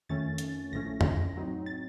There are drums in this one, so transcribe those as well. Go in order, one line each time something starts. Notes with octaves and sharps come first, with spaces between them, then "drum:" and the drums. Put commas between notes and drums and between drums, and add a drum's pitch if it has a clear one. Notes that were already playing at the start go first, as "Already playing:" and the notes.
F2 D#3 A3 C#4 A6
drum: hi-hat
A#1 A2 F3 A3 C#4 A#6
drum: tom F2
A2 F#3 C4 D#4
A6